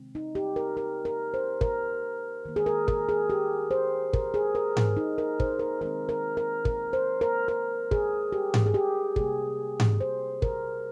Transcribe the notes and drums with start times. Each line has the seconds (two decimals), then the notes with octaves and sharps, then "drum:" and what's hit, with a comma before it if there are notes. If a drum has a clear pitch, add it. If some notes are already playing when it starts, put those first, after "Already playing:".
Already playing: C3 D#3 G#3 C4
0.15 D#4
0.35 G4
0.56 A#4
0.77 A#4
1.05 A#4
1.34 C5
1.61 A#4, drum: kick
2.45 D#3 A#3
2.56 G#4
2.66 A#4
2.88 A#4, drum: kick
3.09 G#4
3.30 G4
3.71 C5
4.13 A#4, drum: kick
4.34 G#4
4.55 A#4
4.77 G#4, drum: tom G#2
4.97 D#4
5.18 A#4
5.40 C5, drum: kick
5.59 A#4
5.81 D#3 G#3 C4 A#4
6.09 A#4
6.37 A#4
6.65 A#4, drum: kick
6.93 C5
7.21 A#4
7.48 A#4
7.91 G#4, drum: kick
8.32 G4
8.54 drum: tom G#2
8.66 G#4
8.74 G4
9.16 C3 G3 A#3 G#4, drum: kick
9.80 drum: tom G#2
10.01 C5
10.42 A#4, drum: kick